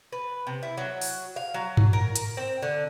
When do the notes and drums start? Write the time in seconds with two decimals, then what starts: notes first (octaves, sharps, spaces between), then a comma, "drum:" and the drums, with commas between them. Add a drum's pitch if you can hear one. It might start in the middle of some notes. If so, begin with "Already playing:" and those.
0.13 B4
0.47 C3
0.63 E4
0.77 F#3
1.01 drum: open hi-hat
1.36 F5
1.54 F#3
1.77 drum: tom G2
1.93 A#4
2.16 drum: hi-hat
2.37 C4
2.62 D3